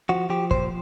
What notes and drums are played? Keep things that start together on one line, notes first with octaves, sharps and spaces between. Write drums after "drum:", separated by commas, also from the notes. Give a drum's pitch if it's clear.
F3 F#4
F3 G4
A#2 C5, drum: kick